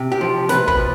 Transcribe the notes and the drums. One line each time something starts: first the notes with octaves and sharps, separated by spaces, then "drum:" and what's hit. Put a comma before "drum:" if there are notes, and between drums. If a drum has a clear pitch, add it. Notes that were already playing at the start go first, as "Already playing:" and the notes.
Already playing: C3
G4
F3
C3 B4, drum: snare
B4, drum: kick
F3